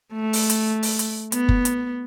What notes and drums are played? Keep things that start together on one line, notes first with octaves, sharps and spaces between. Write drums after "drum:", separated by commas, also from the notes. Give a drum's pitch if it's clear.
A3
drum: open hi-hat
drum: hi-hat
drum: open hi-hat
drum: hi-hat
B3, drum: hi-hat
drum: kick F#1
drum: hi-hat